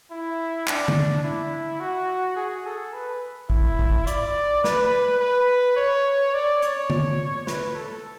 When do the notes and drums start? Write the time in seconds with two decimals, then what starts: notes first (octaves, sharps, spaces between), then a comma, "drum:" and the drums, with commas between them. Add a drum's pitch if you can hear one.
0.11 E4
0.68 D4, drum: clap
0.88 drum: tom D3
1.24 E4
1.80 F#4
2.36 G#4
2.66 A4
2.94 B4
3.50 E4, drum: kick A1
3.79 drum: kick A1
4.07 D5, drum: hi-hat
4.64 B4, drum: snare
5.20 B4
5.77 C#5
6.34 D5
6.62 C#5, drum: hi-hat
6.90 drum: tom D3
7.47 B4, drum: snare
7.75 A4